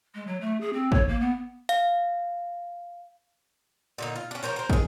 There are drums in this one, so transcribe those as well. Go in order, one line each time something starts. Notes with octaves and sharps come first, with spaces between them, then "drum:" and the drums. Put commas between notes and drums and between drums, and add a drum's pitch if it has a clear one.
G#3
F#3
A3
G#4
C4
C#5, drum: kick
A#3
B3
F5, drum: hi-hat
A#2 D3 D#4
F4
C#4 D4
F3 A#4 C5 C#5
A#4 C5
D#3 G#4, drum: kick